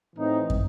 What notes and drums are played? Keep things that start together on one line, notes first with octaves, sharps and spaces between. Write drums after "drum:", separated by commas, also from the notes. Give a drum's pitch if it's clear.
A2 E3 C4 D#4
drum: kick